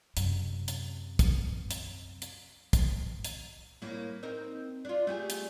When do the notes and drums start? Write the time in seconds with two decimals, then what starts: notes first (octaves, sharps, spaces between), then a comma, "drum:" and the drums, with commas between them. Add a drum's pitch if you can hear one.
0.17 F#2 C3, drum: hi-hat
0.68 drum: hi-hat
1.19 drum: kick, hi-hat
1.71 drum: hi-hat
2.22 drum: hi-hat
2.73 drum: kick, hi-hat
3.24 drum: hi-hat
3.82 A2 A#3
4.23 C4 D#4 A#4
4.85 D4 F4
5.07 A3 G4 G#4
5.30 drum: hi-hat